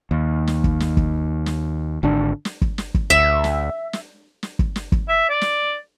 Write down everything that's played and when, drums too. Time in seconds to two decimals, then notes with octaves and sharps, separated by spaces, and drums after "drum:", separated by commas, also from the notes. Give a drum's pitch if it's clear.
0.11 D#2
0.47 drum: snare
0.64 drum: kick
0.80 drum: snare
0.97 drum: kick
1.46 drum: snare
2.03 G#1 D3 D4
2.45 drum: snare
2.62 drum: kick
2.78 drum: snare
2.94 drum: kick
3.10 D2 E5
3.44 drum: snare
3.93 drum: snare
4.43 drum: snare
4.59 drum: kick
4.76 drum: snare
4.92 drum: kick
5.08 E5
5.29 D5
5.41 drum: snare